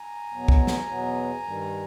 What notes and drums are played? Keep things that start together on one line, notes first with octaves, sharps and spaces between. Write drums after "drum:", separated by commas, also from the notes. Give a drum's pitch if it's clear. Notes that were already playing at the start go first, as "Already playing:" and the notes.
Already playing: G#5 A#5
E2 B2 F#3 B3
drum: kick
drum: snare
E2 B2 F#3 B3
G2 D#3 G3